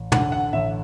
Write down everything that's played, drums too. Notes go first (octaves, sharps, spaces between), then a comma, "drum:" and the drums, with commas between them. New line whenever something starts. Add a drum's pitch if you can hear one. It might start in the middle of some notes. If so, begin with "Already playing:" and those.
Already playing: A1
D3 F#5, drum: tom
F#5
A1 E5